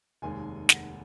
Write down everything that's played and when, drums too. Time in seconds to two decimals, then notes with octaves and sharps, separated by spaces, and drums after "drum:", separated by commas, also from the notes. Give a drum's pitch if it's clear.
0.22 F1 D#2 D#3 G#3 G#5
0.69 F#5, drum: snare